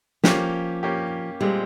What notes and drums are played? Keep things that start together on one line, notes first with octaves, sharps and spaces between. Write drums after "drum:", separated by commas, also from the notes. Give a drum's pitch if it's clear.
F3 A#3 C#4 G4, drum: snare
A#3 C#4 G4
A#2 G3 G#3 C4